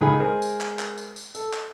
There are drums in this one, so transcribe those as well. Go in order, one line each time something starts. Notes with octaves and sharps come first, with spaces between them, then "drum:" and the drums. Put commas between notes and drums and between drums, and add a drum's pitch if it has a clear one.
C#2 D#3 D#4 G#4 B5
G#3 G#4 A#4 C5
drum: tambourine
drum: clap
drum: clap
drum: tambourine
drum: tambourine
A4, drum: tambourine
drum: clap